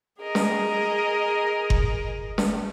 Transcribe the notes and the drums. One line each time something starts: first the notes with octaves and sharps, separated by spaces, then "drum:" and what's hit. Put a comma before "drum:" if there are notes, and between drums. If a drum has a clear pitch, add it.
G#4 A#4 D#5
drum: snare
drum: kick F#1
drum: snare